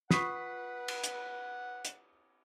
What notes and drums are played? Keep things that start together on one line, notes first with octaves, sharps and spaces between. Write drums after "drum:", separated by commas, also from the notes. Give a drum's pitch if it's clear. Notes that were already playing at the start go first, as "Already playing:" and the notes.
F4 B4 F#5 C#6 D#6 B6 C7, drum: snare
drum: cymbal
drum: hi-hat
drum: hi-hat